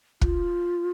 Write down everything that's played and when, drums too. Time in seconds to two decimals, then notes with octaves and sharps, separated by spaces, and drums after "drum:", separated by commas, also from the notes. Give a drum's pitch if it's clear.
0.21 F4, drum: kick